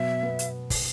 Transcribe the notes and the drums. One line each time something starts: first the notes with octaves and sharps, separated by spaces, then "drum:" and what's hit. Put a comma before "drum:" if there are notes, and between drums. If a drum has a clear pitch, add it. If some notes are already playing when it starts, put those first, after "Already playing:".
Already playing: B2 F#3 E5
B3
drum: hi-hat
drum: kick, open hi-hat